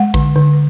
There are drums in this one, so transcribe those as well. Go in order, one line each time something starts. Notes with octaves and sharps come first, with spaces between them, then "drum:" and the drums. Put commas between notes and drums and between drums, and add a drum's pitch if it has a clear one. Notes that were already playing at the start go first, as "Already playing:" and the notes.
Already playing: G#3 F#5
D3, drum: kick
D3